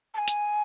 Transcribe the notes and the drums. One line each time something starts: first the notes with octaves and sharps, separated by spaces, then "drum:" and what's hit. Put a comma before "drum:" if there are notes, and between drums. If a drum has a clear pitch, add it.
A5
G#5
drum: hi-hat